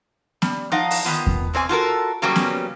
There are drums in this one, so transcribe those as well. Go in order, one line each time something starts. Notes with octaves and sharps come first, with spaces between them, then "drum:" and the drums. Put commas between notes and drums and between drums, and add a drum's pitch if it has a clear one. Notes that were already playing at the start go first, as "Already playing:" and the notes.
G3, drum: snare B3
F3 D#4 F5 F#5
drum: open hi-hat
D#3 F3 B3 F4
drum: kick E2
B2 C4 C#5 G#5
F4 F#4 A4 A#4
C#3 F#3 G3 A#3 B3 C#4
drum: snare B3